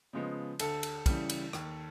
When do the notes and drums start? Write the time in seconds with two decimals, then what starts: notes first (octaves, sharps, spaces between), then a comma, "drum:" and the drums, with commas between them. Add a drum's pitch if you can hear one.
0.13 C#3 F3 G#3 B3
0.59 D2 A4, drum: cymbal
0.83 drum: cymbal
1.06 C#3 E3 G3, drum: kick, cymbal
1.30 drum: cymbal
1.53 D#2, drum: rim click